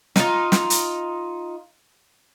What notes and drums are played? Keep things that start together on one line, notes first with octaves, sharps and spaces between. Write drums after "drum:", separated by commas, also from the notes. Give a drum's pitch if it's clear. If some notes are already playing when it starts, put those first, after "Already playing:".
D#4 F4, drum: snare
drum: snare
drum: hi-hat